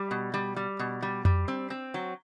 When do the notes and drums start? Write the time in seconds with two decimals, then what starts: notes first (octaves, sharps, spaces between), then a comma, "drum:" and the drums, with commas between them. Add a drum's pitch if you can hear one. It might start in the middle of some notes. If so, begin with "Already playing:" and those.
Already playing: G3
0.11 B2
0.34 G3
0.56 G3
0.79 B2
1.02 G3
1.25 G3, drum: tom F2
1.48 C4
1.70 C4
1.94 F#3